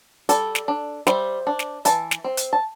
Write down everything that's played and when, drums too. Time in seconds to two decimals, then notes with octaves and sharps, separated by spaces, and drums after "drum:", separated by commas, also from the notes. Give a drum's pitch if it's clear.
0.29 G3 A4 D5, drum: hi-hat
0.55 drum: snare
0.68 D4
1.07 G3 C5 E5, drum: snare
1.47 D4
1.59 drum: snare
1.85 E3 E5 A5, drum: hi-hat
2.11 drum: snare
2.24 C4
2.37 drum: hi-hat
2.53 A5